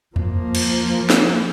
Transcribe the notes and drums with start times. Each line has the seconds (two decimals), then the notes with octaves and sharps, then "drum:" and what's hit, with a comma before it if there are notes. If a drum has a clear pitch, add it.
0.16 F3 A#3, drum: tom E2
0.55 drum: cymbal
1.10 drum: snare